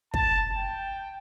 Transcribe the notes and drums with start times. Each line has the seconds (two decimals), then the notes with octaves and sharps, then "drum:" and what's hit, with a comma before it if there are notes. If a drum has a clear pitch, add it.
0.14 A5, drum: kick
0.55 G5